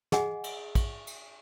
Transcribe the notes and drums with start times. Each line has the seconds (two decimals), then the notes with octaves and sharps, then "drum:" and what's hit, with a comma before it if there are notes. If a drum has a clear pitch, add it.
0.12 G#4 D#5 F#5 G#5, drum: snare
0.44 drum: cymbal
0.75 drum: kick, cymbal
1.07 drum: cymbal